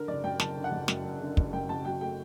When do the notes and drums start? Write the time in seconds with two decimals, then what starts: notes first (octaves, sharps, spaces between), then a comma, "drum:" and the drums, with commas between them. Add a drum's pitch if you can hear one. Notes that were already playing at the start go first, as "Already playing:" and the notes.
Already playing: D3 A#4
0.08 F#1 D5
0.24 F#2 G5
0.40 F#1 A5, drum: snare
0.57 D3
0.64 F#5
0.72 F#1
0.88 F#2, drum: snare
1.05 F#1
1.21 D3
1.37 F#1, drum: kick
1.53 F#2 G5
1.69 F#1 A5
1.85 F#3 G5
2.01 A3 G5